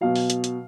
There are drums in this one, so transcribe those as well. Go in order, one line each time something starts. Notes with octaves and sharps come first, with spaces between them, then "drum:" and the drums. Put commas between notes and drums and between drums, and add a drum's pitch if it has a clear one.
B2 F#3 F5
drum: open hi-hat
drum: hi-hat
drum: hi-hat